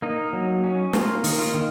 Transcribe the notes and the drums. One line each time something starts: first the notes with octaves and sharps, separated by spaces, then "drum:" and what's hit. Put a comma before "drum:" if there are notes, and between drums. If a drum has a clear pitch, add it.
A#3 D#4
F#3
C#4
A#3 F4, drum: snare
D#3, drum: open hi-hat
F4
D#3